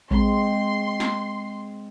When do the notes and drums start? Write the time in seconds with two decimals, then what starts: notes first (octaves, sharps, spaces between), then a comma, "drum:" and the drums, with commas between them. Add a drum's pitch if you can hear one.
0.11 G#3 C4 C6, drum: kick A1
1.00 drum: snare